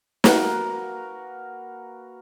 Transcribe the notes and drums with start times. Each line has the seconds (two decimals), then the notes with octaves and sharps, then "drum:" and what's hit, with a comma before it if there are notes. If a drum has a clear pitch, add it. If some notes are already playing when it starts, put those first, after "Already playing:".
0.24 A#3 F#4 A#4 B4, drum: snare